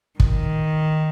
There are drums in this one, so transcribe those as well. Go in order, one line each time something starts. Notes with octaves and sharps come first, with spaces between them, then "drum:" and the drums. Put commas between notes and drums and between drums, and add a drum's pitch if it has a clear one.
D#3, drum: kick